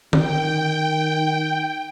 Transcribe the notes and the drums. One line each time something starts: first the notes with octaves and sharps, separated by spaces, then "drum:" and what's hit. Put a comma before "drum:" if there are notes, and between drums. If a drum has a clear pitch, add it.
D#3 G5, drum: tom D3